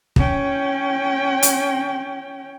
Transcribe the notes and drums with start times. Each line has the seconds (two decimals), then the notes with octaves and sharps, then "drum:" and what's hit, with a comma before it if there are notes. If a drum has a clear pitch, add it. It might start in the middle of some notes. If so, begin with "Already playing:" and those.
0.16 C#4 G5, drum: kick
1.43 drum: hi-hat